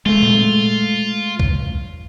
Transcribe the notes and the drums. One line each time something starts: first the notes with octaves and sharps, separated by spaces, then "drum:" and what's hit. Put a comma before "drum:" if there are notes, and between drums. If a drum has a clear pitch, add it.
G#3 A3 F4
drum: tom A#2
drum: kick C2